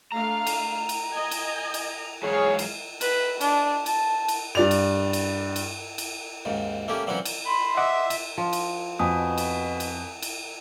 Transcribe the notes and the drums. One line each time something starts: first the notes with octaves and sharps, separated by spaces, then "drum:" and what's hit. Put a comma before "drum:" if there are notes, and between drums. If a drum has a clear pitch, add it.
A3 D4 F5 A#5
drum: cymbal
drum: cymbal
D#5 G#5
drum: cymbal
drum: cymbal
G#2 E3 F#3 G#4 C#5 F5
drum: cymbal
B4, drum: cymbal
D4, drum: cymbal
A5, drum: cymbal
drum: cymbal
G2 D5 F7
drum: cymbal
drum: cymbal
drum: cymbal
drum: cymbal
D#2 G#2 C#3
A3 A#3 C#4 G4
A#2 E3 F#3 C4 C#4 F#4
drum: cymbal
B5 C6
D#5 E5 F#5 D6
drum: cymbal
F3
drum: cymbal
F2 B2 G#5 D#6
drum: cymbal
drum: cymbal
drum: cymbal